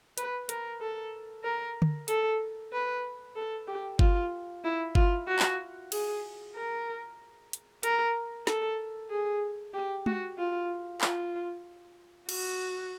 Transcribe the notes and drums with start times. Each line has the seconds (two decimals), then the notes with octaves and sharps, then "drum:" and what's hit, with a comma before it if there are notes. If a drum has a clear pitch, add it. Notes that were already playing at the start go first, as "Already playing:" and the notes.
0.18 B4, drum: hi-hat
0.49 A#4, drum: hi-hat
0.81 A4
1.44 A#4
1.82 drum: tom D3
2.08 A4, drum: hi-hat
2.73 B4
3.36 A4
3.67 G4
3.99 F4, drum: kick G1
4.64 E4
4.95 F4, drum: kick G1
5.28 F#4
5.39 drum: clap
5.92 G#4, drum: cymbal
6.55 A#4
7.53 drum: hi-hat
7.83 A#4, drum: hi-hat
8.47 A4, drum: snare
9.10 G#4
9.74 G4
10.06 F#4, drum: tom G#3
10.38 F4
11.01 F4, drum: clap
12.29 F#4, drum: cymbal